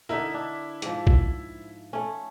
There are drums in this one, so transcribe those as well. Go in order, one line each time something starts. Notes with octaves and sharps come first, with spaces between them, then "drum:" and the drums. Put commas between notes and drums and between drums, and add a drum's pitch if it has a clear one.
D3 D#4 E4 A#4 E5
D4
G#2 F3, drum: hi-hat
drum: kick
A3 C#4